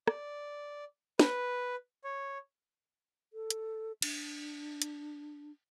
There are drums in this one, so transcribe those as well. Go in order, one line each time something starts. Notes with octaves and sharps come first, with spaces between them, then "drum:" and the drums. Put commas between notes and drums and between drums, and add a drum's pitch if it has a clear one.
D5, drum: rim click
B4, drum: snare
C#5
A4
drum: hi-hat
D4, drum: cymbal
drum: hi-hat